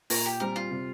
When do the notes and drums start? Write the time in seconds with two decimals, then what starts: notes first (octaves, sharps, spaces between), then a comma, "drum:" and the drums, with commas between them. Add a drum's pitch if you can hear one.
0.10 A#2 A#4, drum: open hi-hat
0.26 G4
0.40 G3 C4 A#4
0.56 F4
0.71 C3